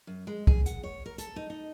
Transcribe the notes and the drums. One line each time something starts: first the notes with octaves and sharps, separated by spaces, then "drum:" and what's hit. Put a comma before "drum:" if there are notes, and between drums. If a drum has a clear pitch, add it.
F#2
G#3
G#4, drum: kick
F#5, drum: hi-hat
C#5
A#4
A4, drum: hi-hat
D#4
D#4